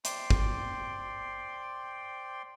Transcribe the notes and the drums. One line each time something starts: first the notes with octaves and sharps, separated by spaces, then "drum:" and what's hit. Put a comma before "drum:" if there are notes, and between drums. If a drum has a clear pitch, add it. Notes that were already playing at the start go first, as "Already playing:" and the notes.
C5 D5 G5 C6, drum: hi-hat
drum: kick